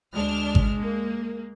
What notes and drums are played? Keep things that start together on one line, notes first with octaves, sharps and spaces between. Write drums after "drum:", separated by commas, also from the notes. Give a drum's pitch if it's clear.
D2 G#3 D4 F6
drum: kick G#1
A#3